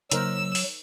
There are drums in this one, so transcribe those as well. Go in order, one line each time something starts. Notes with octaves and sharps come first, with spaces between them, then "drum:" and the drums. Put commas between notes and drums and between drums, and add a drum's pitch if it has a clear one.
C#3 F#3 A#3 D#4 A#4 C5 E6, drum: hi-hat
drum: open hi-hat